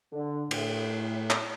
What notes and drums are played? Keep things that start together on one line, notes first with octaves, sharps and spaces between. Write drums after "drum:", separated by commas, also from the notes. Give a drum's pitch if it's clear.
D3
A2, drum: cymbal
drum: clap